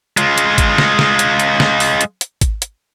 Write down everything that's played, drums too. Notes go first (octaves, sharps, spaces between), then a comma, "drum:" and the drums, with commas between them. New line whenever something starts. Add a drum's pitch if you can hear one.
G#3 F4, drum: hi-hat
drum: hi-hat
drum: kick G#1, hi-hat
drum: snare
drum: snare
drum: hi-hat
drum: hi-hat
drum: snare
drum: open hi-hat
drum: hi-hat
drum: hi-hat
drum: kick G#1, hi-hat
drum: hi-hat